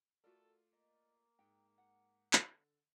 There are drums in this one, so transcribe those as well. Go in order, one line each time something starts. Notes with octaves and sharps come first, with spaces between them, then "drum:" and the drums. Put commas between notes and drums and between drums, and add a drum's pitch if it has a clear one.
A3 F4 F#4 A4 A#4 D5
A#3 D#5
G#2 G5
F#5
D3, drum: clap